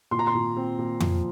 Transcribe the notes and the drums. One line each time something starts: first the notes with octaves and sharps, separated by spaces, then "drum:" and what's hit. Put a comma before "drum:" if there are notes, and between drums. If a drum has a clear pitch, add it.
A#2 C6
A#5
C6
A#2
C4
A#2
F3, drum: tom F2